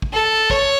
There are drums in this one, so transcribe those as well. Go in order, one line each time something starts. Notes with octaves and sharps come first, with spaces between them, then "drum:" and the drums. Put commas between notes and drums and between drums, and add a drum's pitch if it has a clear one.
drum: kick
A4
C#5, drum: kick